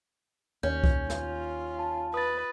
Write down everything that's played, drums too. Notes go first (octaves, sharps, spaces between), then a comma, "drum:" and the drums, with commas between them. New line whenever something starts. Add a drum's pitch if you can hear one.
D#2 C#4 G6
drum: kick C2
F4, drum: snare
A5
B4 D#6 A6